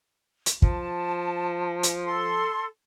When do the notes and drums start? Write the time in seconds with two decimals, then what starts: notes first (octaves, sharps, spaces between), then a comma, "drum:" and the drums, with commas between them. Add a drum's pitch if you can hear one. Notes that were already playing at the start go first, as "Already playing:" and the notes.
0.46 drum: hi-hat
0.62 F3 A5, drum: kick
1.83 drum: hi-hat
2.05 A4 C6